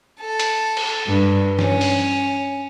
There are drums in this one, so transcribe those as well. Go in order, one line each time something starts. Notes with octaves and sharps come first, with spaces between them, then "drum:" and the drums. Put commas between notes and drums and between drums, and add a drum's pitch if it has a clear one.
A4
drum: hi-hat
drum: cymbal
G2
C#4, drum: snare
drum: open hi-hat